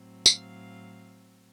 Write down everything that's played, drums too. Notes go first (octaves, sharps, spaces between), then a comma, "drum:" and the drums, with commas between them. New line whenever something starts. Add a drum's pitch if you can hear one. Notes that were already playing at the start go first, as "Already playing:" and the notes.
Already playing: A2 F#3 C4
F5, drum: tambourine